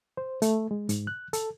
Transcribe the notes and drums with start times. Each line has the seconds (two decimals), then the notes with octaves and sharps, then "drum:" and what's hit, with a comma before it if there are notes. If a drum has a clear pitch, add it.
0.17 C5
0.42 A3, drum: hi-hat
0.71 G#3
0.89 G#2, drum: hi-hat
1.07 F#6
1.33 A4, drum: hi-hat